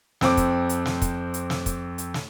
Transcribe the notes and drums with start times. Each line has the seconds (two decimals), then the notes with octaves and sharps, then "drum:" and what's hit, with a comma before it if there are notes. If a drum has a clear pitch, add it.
0.21 F2 C4 D6, drum: snare
0.37 drum: kick, hi-hat
0.69 drum: hi-hat
0.85 drum: snare
1.02 drum: kick, hi-hat
1.34 drum: hi-hat
1.50 drum: snare
1.66 drum: kick, hi-hat
1.98 drum: hi-hat
2.14 drum: snare